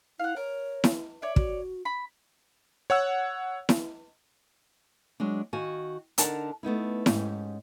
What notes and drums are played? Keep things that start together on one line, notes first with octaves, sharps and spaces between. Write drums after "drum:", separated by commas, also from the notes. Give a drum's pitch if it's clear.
E4 F5 F#5
A#4 C#5
drum: snare E4
C#5 D5 E5
F#4, drum: kick
B5
C#5 F#5 E6
drum: snare E4
F#3 G#3 D4
D#3 F#4 F5 G#5
D3 D4 D#4 A#4 F#5 A5, drum: hi-hat
A3 B3 D#4 E4
G#2 C#4 G4, drum: snare E4